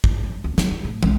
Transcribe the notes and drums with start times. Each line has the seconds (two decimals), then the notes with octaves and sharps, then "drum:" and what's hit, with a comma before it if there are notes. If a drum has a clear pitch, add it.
0.04 drum: kick
0.24 F#3
0.44 D2
0.58 F#3 B3, drum: snare
0.71 F#3
0.84 A2
1.03 B1 G#3, drum: tom